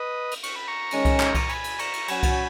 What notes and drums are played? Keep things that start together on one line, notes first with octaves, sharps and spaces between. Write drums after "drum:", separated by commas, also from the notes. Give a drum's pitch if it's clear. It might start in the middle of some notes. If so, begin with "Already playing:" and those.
Already playing: B4 D#5
drum: cymbal
C#6, drum: cymbal
B5
A#5 C#6
D#3 G#3 C#4, drum: cymbal
drum: kick C2, cymbal
drum: clap
drum: kick C2, cymbal
G#5 B5, drum: cymbal
drum: cymbal
A#5 C#6, drum: cymbal
drum: cymbal
F#3 C#4 F#4 G#5 B5, drum: cymbal
drum: kick C2, cymbal